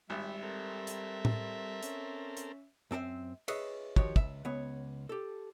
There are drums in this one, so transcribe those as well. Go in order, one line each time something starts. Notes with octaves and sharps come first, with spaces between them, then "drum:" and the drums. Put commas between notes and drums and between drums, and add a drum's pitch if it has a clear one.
G#1 G3 E5
C4 A4 A#4
drum: hi-hat
drum: tom A2
C#4, drum: hi-hat
drum: hi-hat
F#2 C4 A4 C5 E5
G#4 B4 C#5 D#5 E5, drum: cymbal
D#3 F3 F#4 G4 C#5, drum: kick
C#2 E5, drum: kick
C#2 B3 C#5
G4 A4